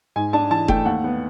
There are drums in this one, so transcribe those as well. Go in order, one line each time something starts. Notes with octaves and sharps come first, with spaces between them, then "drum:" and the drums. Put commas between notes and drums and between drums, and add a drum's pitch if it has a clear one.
G#2 G#5
D4 A5
E3 A5
A3 G5, drum: kick F1
D#2 F#5
B3